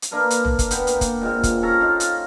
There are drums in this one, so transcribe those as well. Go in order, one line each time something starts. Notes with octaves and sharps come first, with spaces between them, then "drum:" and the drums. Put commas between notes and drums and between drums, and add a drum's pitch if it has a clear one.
drum: hi-hat
A#3 D4 A#4 B4
drum: hi-hat
drum: tom A1
drum: kick, hi-hat
B3 B4 F#5 G5, drum: hi-hat
A#3, drum: hi-hat
drum: kick, hi-hat
A#2 G#3 C4
drum: kick, hi-hat
C#4 A4 A#5
D#4 F4 F5
drum: hi-hat